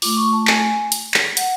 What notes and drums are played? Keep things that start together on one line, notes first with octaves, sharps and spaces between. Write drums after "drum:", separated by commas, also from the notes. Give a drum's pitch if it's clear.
A3 F4 D6, drum: open hi-hat
C#6
A5
G#5, drum: clap
drum: hi-hat
drum: clap
F#5, drum: hi-hat